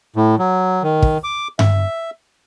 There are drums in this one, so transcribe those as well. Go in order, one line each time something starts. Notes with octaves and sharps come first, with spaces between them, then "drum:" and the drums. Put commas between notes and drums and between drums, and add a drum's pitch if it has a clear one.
A2
F#3
D#3
drum: kick
D6
E5, drum: tom G2